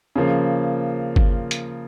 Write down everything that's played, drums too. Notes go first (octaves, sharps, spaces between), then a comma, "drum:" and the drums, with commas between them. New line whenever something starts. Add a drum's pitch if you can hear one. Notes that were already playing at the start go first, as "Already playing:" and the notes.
C#3 F3 A#3
drum: kick G1
drum: hi-hat